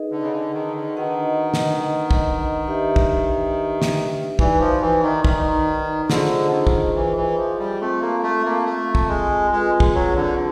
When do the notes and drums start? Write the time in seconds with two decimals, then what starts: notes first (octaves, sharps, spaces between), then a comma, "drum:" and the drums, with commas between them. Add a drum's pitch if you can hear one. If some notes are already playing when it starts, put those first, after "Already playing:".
Already playing: D#4 G#4 B4 D#5
0.11 D3
0.22 C#3
0.32 D3
0.54 D#3
0.75 D3
0.97 D#3 D4 F#4 B4 D#5 F#5
1.54 drum: snare
2.11 drum: kick
2.68 D4 G4 B4 E5
2.96 drum: kick
3.82 drum: snare
4.39 E3 D#4 F#4 B4 D5, drum: kick
4.60 F3
4.81 E3
5.03 D#3
5.24 D#3, drum: kick
6.10 D3 F4 G#4 C5 D#5, drum: snare
6.52 D#3
6.67 drum: kick
6.95 E3
7.17 E3
7.38 F3
7.59 G3
7.81 A3 C4 F4 A4
8.02 A#3
8.23 A3
8.45 A#3
8.66 A3
8.95 drum: kick
9.09 G#3
9.52 G#3 C4 F4 G#4 B4
9.80 drum: kick
9.94 F#3
10.16 D3